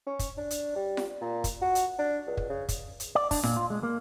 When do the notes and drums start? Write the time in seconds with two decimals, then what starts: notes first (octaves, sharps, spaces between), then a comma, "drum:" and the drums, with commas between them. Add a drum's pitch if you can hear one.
0.07 C#4
0.19 drum: kick, hi-hat
0.38 D4
0.51 drum: hi-hat
0.76 G3
0.97 drum: snare F4
1.21 A#2
1.44 drum: kick, hi-hat
1.61 F#4
1.75 drum: hi-hat
1.99 D4
2.27 C#2
2.37 drum: kick
2.50 C#3
2.69 drum: kick, hi-hat
3.00 drum: hi-hat
3.15 D5
3.31 D4, drum: kick, open hi-hat
3.43 A#2, drum: snare F4
3.56 F4
3.70 G#3
3.83 A#3